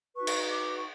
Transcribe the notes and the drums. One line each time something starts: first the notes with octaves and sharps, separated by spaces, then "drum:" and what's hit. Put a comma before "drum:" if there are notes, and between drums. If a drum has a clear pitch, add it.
D#4 F#4 B4 C#6
drum: cymbal
D6
C#6